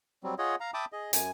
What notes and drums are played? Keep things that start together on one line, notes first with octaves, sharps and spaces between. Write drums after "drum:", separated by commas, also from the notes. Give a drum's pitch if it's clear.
F#3 G3 C4
F4 G#4 C#5 D#5 F#5
F5 A#5
E5 G5 A5 B5 D6 D#6
G#4 D#5
F#2 G#5, drum: hi-hat